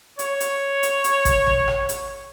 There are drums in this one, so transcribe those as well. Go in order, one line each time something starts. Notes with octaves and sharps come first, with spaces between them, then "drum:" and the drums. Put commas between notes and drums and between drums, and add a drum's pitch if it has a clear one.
C#5, drum: hi-hat
drum: hi-hat
drum: hi-hat
drum: hi-hat
drum: kick G#1, hi-hat
drum: tom
drum: rim click
drum: hi-hat